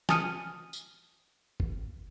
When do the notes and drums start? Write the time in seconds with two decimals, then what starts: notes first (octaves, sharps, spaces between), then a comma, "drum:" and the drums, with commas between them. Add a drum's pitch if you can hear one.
0.09 G#5 A5 D#6 F6 C#7 D#7, drum: snare
0.73 drum: tambourine
1.60 drum: kick G1